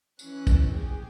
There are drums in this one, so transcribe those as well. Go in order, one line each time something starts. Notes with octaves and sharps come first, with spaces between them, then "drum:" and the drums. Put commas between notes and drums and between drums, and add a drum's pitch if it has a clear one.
E3 C#4 F#6, drum: tambourine
drum: kick, tambourine
G4 G#4 G#5